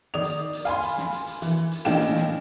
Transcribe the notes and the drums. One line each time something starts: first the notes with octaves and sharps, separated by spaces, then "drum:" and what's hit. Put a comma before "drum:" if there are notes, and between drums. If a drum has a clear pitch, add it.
D#3 D5 D#6 F7
drum: hi-hat
drum: hi-hat
F5 G#5 B5 C6, drum: hi-hat
drum: hi-hat
drum: snare
drum: hi-hat
drum: hi-hat
E3, drum: hi-hat
drum: hi-hat
A1 A#2 D4 F5 G5 E7, drum: hi-hat
drum: hi-hat
drum: snare